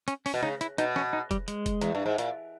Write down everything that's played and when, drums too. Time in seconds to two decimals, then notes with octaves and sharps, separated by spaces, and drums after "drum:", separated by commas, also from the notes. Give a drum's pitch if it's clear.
0.08 C#4, drum: hi-hat
0.26 C#4, drum: open hi-hat
0.34 B2
0.43 C#3 D#4, drum: tom
0.61 E4, drum: hi-hat
0.78 B2 D#4, drum: hi-hat
0.96 C#4, drum: snare
1.13 D#4
1.31 G3, drum: kick F1, hi-hat
1.48 G#3, drum: hi-hat
1.66 drum: kick F1, hi-hat
1.81 E2, drum: hi-hat
1.95 G2
2.06 G#2
2.18 A#2, drum: hi-hat